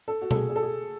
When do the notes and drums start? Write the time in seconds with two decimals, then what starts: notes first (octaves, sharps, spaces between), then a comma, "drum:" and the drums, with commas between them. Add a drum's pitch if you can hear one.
0.08 A4
0.22 F#4
0.31 A4, drum: tom B2
0.35 G#4
0.49 G#4
0.56 A4
0.63 G#4